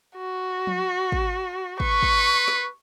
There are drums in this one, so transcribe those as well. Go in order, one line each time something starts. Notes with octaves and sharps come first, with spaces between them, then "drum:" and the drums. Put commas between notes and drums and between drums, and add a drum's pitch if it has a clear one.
F#4
drum: tom F3
drum: kick
B4 C#6, drum: kick
drum: kick
drum: snare